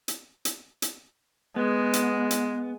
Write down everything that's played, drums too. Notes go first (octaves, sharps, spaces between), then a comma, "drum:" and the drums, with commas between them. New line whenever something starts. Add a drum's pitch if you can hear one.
drum: hi-hat
drum: hi-hat
drum: hi-hat
G#3 B3
drum: hi-hat
drum: hi-hat